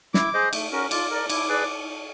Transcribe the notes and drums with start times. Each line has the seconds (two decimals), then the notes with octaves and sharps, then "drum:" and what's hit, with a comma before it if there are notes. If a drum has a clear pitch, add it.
0.14 E4 D6, drum: snare
0.34 G#4 C5 D#5
0.53 A3, drum: cymbal
0.72 C#4 F#4 A#4
0.91 F4 D6, drum: cymbal
1.10 A#4 D5
1.29 E4 D6, drum: cymbal
1.48 G#4 B4 D5